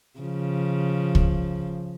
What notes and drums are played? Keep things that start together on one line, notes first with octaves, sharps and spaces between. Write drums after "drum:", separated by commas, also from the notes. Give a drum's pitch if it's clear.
C#3 F3
drum: kick